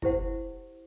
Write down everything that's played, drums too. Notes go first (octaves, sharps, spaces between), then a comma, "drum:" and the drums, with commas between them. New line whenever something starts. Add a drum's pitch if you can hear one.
E4 G4 C5 F#5, drum: kick